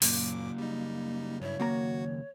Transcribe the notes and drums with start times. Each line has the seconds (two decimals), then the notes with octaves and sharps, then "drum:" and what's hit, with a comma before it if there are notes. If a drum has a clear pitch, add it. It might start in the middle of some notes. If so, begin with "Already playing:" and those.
0.02 F#2 A#2 C#3 F#3 A#3 D6, drum: open hi-hat
0.58 G3 D#4
1.41 G2 E4 C#5
1.60 D#2 A#3 F#4 A#5